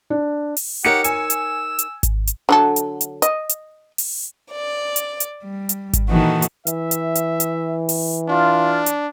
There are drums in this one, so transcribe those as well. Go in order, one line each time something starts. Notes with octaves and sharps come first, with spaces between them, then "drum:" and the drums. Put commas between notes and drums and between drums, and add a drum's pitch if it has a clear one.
D4
drum: open hi-hat
D#4 G4 A#4 C#5 F#5 C#7
G#5 E6, drum: hi-hat
drum: hi-hat
drum: hi-hat
drum: kick G#1, hi-hat
drum: hi-hat
D3 F#3 A4
drum: hi-hat
drum: hi-hat
D#5, drum: hi-hat
drum: hi-hat
drum: open hi-hat
D5
drum: hi-hat
drum: hi-hat
G3
drum: hi-hat
drum: kick G#1, hi-hat
A#2 D#3 E3 D#4 F#4 A4
drum: hi-hat
E3 E5, drum: hi-hat
drum: hi-hat
drum: hi-hat
drum: hi-hat
drum: open hi-hat
D4 F4
drum: hi-hat